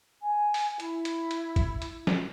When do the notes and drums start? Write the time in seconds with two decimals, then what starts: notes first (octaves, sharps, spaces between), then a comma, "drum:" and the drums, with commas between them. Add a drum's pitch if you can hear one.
0.22 G#5
0.54 drum: open hi-hat
0.80 E4, drum: hi-hat
1.05 drum: hi-hat
1.31 drum: hi-hat
1.56 drum: kick G1, hi-hat
1.82 drum: hi-hat
2.07 drum: snare